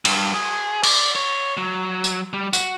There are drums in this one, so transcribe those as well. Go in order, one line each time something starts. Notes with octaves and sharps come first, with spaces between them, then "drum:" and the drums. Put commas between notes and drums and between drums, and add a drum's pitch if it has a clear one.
G2, drum: cymbal
G#4
D5, drum: cymbal
C#5
F#3
drum: tambourine
G3
F#4, drum: tambourine